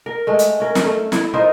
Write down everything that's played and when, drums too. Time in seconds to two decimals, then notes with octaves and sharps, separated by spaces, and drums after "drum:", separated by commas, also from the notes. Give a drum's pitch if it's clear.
0.06 A#4
0.27 G#3 A3
0.39 drum: hi-hat
0.60 C#4 A#4
0.75 drum: snare
0.85 A3
1.12 E4, drum: snare
1.34 D#4 F4 A#4 C5